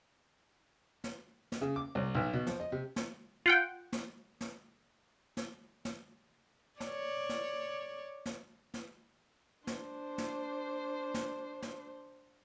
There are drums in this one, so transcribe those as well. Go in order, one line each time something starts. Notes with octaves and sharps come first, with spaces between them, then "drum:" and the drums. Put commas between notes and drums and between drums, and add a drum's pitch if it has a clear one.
drum: snare
drum: snare
C#3
D6
C2
B1
B2
F3, drum: snare
D#5
C3
drum: snare
F4 F#5 G5
drum: snare
drum: snare
drum: snare
drum: snare
C#5 D5, drum: snare
drum: snare
drum: snare
drum: snare
D4 C5, drum: snare
drum: snare
drum: snare
drum: snare